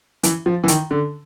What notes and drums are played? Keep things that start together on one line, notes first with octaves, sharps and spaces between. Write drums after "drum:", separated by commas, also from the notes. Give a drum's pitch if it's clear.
E3, drum: hi-hat
F3
E3
D#3, drum: hi-hat
D3